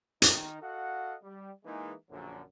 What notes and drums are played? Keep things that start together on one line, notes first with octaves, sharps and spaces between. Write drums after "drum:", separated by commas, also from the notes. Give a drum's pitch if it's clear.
D#3 D#4, drum: hi-hat
F#4 A4 D#5 F5 F#5
G3
E3 G#3 A#3 D#4
A#1 F#2 D3 F#3